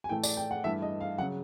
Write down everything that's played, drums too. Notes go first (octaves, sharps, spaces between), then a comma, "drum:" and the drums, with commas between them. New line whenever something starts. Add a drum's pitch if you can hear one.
G#5
A2 E3 A3 G5
D5, drum: tambourine
G5
F#5
G2 E3 A3 E5
D#5
F5
C#3 F#3 F#5